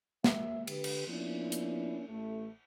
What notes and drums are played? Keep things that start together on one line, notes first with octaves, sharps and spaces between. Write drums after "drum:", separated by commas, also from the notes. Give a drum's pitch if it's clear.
A#3 E5, drum: snare
D3 G4 B4, drum: cymbal
drum: cymbal
F3 A#3 B3 C#4 D4 E4
drum: hi-hat
A1 A3